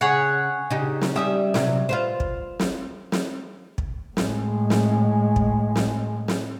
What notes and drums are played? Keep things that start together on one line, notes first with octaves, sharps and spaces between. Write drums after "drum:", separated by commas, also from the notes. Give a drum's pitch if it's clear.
C#3 G#4 C#5 F#5
C#3 D#4 G4
drum: snare
G3 C#4 G4 E5 D#6
C3 F#3, drum: snare
F4 B4 C5
drum: kick
drum: snare
drum: snare
drum: kick
A2 G#3, drum: snare
drum: snare
drum: kick
drum: snare
drum: snare